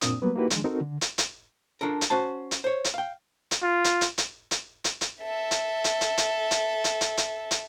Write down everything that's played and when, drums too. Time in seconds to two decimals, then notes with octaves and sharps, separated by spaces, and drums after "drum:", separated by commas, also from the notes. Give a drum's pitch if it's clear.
0.01 F#2 A#2 A#3 C4 D4 D#6, drum: hi-hat
0.22 F#3 G3 A#3 B3 B4
0.36 A#3 D#4 E4 F#4 G4 B4
0.50 D#3 F3 G#3 D4, drum: hi-hat
0.64 C4 D#4 F#4 A4 A#4
0.81 D3
1.01 drum: hi-hat
1.18 drum: hi-hat
1.81 D4 F4 A4 A#4
2.01 drum: hi-hat
2.10 C#4 F#4 C5 A5
2.51 drum: hi-hat
2.64 C5 C#5
2.84 drum: hi-hat
2.94 F5 G5
3.51 drum: hi-hat
3.63 F4
3.84 drum: hi-hat
4.01 drum: hi-hat
4.18 drum: hi-hat
4.51 drum: hi-hat
4.84 drum: hi-hat
5.01 drum: hi-hat
5.22 A4 E5
5.51 drum: hi-hat
5.84 drum: hi-hat
6.01 drum: hi-hat
6.17 drum: hi-hat
6.51 drum: hi-hat
6.84 drum: hi-hat
7.01 drum: hi-hat
7.17 drum: hi-hat
7.51 drum: hi-hat